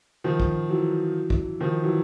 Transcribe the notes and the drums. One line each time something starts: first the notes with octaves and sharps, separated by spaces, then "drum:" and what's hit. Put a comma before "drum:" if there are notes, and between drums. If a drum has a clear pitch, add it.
D#3 F3
drum: kick
E3 F#3
drum: kick
D#3 F3
E3 F#3